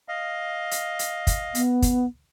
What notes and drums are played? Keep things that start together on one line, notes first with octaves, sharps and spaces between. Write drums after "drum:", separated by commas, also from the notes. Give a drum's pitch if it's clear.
D#5 F5
drum: hi-hat
drum: hi-hat
drum: kick, hi-hat
B3, drum: hi-hat
drum: kick, hi-hat